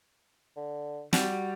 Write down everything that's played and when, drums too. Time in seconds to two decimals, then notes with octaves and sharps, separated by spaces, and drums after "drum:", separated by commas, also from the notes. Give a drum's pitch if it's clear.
0.56 D3
1.13 G3 F#4, drum: snare